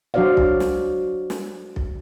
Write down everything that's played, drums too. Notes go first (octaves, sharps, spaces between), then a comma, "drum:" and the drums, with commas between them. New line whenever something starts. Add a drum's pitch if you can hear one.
F#3 D4 F#4 C5 D5 F5
drum: kick B1
drum: snare
drum: snare
drum: kick B1